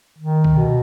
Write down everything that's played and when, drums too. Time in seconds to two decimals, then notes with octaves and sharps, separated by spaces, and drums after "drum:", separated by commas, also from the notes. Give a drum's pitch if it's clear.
0.18 D#3
0.44 drum: kick C2
0.57 B2